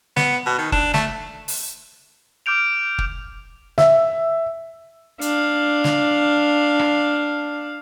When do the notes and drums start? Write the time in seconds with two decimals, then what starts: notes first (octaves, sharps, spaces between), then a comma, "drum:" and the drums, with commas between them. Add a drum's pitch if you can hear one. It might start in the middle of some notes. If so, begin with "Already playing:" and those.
0.17 B3, drum: snare
0.46 B2
0.58 D#3
0.72 D4, drum: kick
0.94 A3, drum: snare
1.48 drum: open hi-hat
2.46 D6 F6 G6 D7 F7
2.98 drum: kick
3.78 E5, drum: snare
5.21 D4 F5, drum: hi-hat
5.84 drum: snare
6.79 drum: rim click